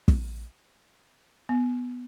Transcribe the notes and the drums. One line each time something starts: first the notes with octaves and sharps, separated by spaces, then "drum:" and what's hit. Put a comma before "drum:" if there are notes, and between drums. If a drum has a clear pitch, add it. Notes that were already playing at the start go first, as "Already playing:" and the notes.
drum: kick
B3